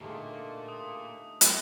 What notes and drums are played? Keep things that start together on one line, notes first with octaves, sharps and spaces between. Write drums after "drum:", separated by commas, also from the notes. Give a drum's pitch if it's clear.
A#2 D3 A3 A#3 D#4 G4 G#4
D#6
drum: hi-hat